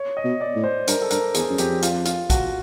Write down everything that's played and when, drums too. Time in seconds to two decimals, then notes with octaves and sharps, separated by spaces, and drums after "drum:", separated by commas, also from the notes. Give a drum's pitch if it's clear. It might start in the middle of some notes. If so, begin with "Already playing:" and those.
Already playing: C#5
0.17 D#5
0.24 B2
0.41 D5
0.55 A2
0.64 C5
0.88 G2 A#4, drum: hi-hat
1.02 A4
1.10 G2 A#4, drum: hi-hat
1.34 E2 G#4, drum: hi-hat
1.50 F#2
1.58 F2 G4, drum: hi-hat
1.82 F4, drum: hi-hat
2.05 F4, drum: hi-hat
2.30 F#4, drum: kick, hi-hat